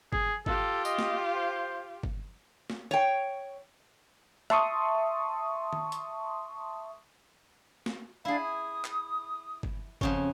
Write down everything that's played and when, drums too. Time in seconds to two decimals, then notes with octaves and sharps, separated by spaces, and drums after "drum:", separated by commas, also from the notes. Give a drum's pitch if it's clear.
0.13 G#4, drum: kick G1
0.46 F4 G4 A4, drum: kick G1
0.85 D#5, drum: tambourine
0.98 drum: snare
1.35 C5
2.03 drum: kick G1
2.70 drum: snare
2.91 C#5 G5
4.50 E5 A5 C6 C#6 D#6, drum: rim click
5.73 drum: tom D#3
5.92 drum: hi-hat
7.86 drum: snare
8.25 D4 E4 G#4 F5
8.41 D#6
8.85 drum: clap
9.63 drum: kick G1
10.01 F2 C#3 C#4, drum: kick G1